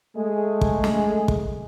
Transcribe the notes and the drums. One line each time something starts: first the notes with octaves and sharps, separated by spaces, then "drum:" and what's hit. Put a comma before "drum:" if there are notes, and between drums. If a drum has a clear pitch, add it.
G#3 A3 G#4
drum: kick
drum: snare
drum: kick